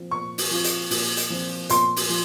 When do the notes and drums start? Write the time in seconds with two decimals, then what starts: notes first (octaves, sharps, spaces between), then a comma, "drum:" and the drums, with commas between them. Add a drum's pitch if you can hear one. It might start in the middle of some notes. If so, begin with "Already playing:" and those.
Already playing: A#2 F3 C4 F4
0.11 A#2 C#6
0.38 drum: open hi-hat
0.51 F3 C4 F4
0.64 drum: hi-hat
0.91 A#2, drum: open hi-hat
1.17 drum: hi-hat
1.30 F3 C4 F4
1.69 A#2 C6, drum: hi-hat
1.96 drum: open hi-hat
2.10 F3